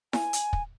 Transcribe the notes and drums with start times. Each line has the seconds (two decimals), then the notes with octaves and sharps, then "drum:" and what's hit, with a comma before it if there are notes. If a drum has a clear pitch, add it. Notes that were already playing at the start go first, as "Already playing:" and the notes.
0.13 G#5, drum: snare E4
0.33 drum: hi-hat
0.53 drum: kick